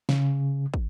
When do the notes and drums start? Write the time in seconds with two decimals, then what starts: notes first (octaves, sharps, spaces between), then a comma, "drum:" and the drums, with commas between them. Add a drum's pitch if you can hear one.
0.09 C#3, drum: snare
0.74 drum: kick